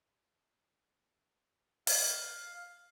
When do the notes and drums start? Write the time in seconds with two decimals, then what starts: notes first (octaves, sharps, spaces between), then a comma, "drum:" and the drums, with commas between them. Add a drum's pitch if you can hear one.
1.87 F5, drum: open hi-hat